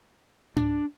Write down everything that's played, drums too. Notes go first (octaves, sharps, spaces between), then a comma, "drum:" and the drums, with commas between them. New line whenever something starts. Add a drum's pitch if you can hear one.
D4, drum: tom G#2